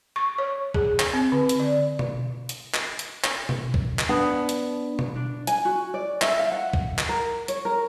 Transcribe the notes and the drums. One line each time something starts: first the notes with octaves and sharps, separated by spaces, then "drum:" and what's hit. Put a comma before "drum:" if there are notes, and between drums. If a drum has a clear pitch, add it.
C#6
C#5
G#4, drum: kick
drum: clap
C4
D3
drum: hi-hat
D5
drum: tom B2
drum: hi-hat
drum: clap
drum: hi-hat
drum: clap
drum: tom B2
drum: kick
drum: clap
B3 D4
drum: hi-hat
drum: tom B2
D4
G#5, drum: hi-hat
F#4
D5
E5, drum: clap
F5
F#5
drum: kick
drum: clap
A#4
C#5, drum: hi-hat
A#4